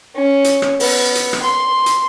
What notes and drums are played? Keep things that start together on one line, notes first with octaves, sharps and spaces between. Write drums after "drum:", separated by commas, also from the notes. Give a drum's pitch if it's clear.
C#4
drum: hi-hat
drum: rim click
B3, drum: open hi-hat
drum: hi-hat
drum: rim click
C6
drum: hi-hat